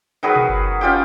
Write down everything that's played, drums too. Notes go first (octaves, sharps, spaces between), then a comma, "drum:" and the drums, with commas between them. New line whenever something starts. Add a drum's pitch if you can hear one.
D#3 F#3 G#4 B4
drum: tom B2
drum: kick F#1
C#4 F4 G4 G5